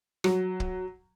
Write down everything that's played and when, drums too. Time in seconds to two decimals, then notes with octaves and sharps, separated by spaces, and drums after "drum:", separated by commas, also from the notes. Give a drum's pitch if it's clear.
0.24 F#3, drum: rim click
0.60 drum: kick